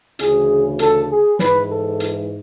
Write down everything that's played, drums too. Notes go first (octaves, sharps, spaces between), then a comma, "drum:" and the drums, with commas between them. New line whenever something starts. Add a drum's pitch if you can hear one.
D2 C#3 E3 G#4, drum: hi-hat
A4, drum: hi-hat
G#4
G#2 E3 B4, drum: snare
A4
drum: hi-hat